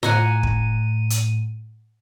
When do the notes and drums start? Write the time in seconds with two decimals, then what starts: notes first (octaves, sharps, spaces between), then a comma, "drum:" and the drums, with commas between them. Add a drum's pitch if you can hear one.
0.03 A2 F#5 G#5 A#5 D#7, drum: snare F4
0.43 drum: kick
1.10 drum: hi-hat